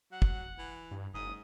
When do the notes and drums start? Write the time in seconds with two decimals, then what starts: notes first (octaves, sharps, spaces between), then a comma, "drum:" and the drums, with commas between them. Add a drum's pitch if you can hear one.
0.11 F#3 F#5
0.22 drum: kick
0.58 E3
0.91 G2
1.14 F#1 G#2 D#6